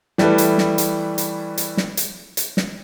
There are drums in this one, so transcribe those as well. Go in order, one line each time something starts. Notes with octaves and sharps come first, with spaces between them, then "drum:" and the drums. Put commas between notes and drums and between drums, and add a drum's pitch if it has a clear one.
E3 G3 A3 E4 A4 B4, drum: snare
drum: hi-hat
drum: snare
drum: hi-hat
drum: hi-hat
drum: hi-hat
drum: snare
drum: hi-hat
drum: hi-hat
drum: snare